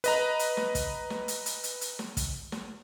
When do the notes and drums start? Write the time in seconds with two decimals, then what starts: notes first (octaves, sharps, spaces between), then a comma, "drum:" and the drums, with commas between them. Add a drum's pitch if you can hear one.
0.04 B4 D#5 A#5, drum: hi-hat
0.39 drum: hi-hat
0.57 drum: snare
0.75 drum: kick, hi-hat
1.10 drum: snare
1.28 drum: hi-hat
1.46 drum: hi-hat
1.64 drum: hi-hat
1.81 drum: hi-hat
1.99 drum: snare
2.17 drum: kick, hi-hat
2.52 drum: snare